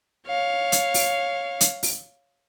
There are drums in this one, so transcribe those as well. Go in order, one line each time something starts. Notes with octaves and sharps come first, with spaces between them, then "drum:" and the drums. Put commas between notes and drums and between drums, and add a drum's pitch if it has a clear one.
C#5 F5
drum: hi-hat
drum: open hi-hat
drum: hi-hat
drum: open hi-hat